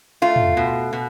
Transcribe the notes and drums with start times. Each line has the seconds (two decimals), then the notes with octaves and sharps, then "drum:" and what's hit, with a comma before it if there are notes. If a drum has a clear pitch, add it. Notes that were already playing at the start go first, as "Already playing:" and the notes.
0.22 A3 F4
0.36 drum: tom
0.57 B2
0.93 B2